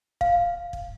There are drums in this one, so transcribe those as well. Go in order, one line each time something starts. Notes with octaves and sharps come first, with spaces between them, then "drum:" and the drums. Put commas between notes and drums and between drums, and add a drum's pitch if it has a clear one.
F5, drum: kick
drum: kick